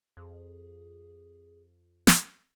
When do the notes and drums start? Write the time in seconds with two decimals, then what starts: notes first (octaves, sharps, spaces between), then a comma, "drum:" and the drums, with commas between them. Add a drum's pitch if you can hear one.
0.17 F2 G#4
2.07 drum: snare